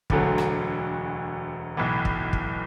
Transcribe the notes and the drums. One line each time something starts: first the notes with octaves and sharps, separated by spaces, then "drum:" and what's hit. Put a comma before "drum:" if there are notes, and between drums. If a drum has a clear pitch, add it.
E1 D2 D3 F#3 A3, drum: kick
drum: rim click
B1 A2 E3 B3
drum: kick
drum: kick